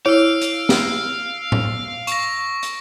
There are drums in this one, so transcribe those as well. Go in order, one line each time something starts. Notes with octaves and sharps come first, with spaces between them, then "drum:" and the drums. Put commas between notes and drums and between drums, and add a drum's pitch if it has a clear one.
E4 C#5 F5 E6 D7
drum: hi-hat
drum: snare
drum: tom A2
C#6 A#6, drum: hi-hat
drum: hi-hat